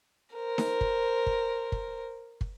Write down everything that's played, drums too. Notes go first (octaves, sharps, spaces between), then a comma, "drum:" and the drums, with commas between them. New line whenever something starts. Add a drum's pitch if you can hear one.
A#4 C5
drum: snare D#4
drum: kick
drum: kick
drum: kick
drum: kick